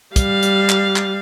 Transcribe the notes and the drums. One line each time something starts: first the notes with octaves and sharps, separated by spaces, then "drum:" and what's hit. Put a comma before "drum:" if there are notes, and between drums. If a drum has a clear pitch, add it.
G3 F5, drum: kick, hi-hat
drum: hi-hat
drum: clap
drum: clap